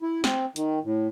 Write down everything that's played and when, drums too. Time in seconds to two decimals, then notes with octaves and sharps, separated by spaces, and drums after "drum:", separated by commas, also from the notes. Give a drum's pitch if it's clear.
0.02 E4
0.24 C4, drum: snare
0.56 D#3, drum: hi-hat
0.84 A2